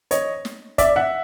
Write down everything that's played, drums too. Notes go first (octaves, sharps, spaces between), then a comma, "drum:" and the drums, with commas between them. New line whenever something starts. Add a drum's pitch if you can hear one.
C#5 D#5, drum: hi-hat
drum: snare
D5 E5, drum: kick, hi-hat
E5 F#5